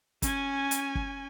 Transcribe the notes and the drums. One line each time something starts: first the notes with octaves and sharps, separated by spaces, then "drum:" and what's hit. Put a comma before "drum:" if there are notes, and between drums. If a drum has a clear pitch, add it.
C#4 G#5, drum: kick, hi-hat
drum: hi-hat
drum: kick